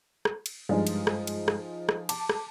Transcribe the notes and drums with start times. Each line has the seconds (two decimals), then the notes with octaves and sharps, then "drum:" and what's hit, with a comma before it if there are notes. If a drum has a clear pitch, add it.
0.25 drum: rim click
0.46 drum: cymbal
0.69 G2 F3 G#3 D#4 G#4
0.87 drum: cymbal
1.07 drum: rim click
1.27 drum: cymbal
1.48 drum: rim click
1.89 drum: rim click
2.09 A5 D6, drum: cymbal
2.29 drum: rim click